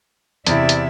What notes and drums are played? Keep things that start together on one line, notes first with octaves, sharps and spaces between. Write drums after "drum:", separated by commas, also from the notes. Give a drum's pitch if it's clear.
E2 C3 C4 E4 D5 E5, drum: hi-hat
drum: hi-hat